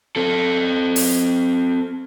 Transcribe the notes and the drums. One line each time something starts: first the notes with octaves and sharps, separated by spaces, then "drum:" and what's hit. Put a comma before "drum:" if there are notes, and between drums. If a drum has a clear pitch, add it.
C4 A4
drum: open hi-hat